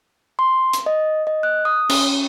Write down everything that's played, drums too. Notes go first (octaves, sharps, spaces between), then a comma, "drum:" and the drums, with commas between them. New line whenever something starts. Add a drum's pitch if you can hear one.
C6
drum: hi-hat
D#5
D#5
F#6
D#6
C#4, drum: cymbal